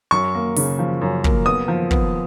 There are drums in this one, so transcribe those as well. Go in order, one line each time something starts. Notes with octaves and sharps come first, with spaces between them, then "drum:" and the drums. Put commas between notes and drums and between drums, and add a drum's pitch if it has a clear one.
F#2 C#6
A#3
C#3, drum: open hi-hat
F3
F#2
A#3, drum: kick
B3 D#6
F3
B3, drum: kick